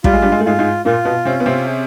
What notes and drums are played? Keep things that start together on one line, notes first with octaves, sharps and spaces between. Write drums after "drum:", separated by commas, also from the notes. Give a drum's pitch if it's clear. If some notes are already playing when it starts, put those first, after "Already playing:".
G3 F4, drum: kick
G#3
G2 G3
G#3
A3
G#2 G#3 F4
G#2 G#3
A#2 A#3 F4
B2 B3
C3 C4 C#4
B3
C3 C4
G#4